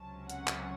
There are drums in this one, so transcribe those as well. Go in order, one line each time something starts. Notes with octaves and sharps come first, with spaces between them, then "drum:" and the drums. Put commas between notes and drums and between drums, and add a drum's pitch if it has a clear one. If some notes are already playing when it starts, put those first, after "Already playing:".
Already playing: C#2 C3 F#3 C#4 A5
F#5, drum: hi-hat
drum: clap